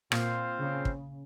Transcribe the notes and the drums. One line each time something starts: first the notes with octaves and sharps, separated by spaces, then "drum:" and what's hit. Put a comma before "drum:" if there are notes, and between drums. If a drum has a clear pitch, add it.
A#2 C4 F4 C5 F5, drum: rim click
C#3
drum: kick